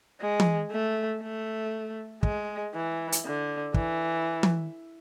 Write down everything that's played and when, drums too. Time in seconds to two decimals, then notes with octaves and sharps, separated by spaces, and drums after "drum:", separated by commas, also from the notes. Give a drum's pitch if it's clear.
0.20 G#3
0.40 drum: tom
0.71 A3
1.22 A3
2.23 G#3, drum: kick
2.74 E3
3.12 drum: hi-hat
3.24 D3
3.74 E3, drum: kick
4.43 drum: tom